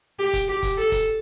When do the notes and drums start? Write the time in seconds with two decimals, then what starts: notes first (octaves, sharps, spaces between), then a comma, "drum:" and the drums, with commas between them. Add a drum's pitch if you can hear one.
0.19 G4
0.33 drum: kick F1, hi-hat
0.48 G4
0.63 drum: kick F1, hi-hat
0.78 A4
0.92 drum: kick F1, hi-hat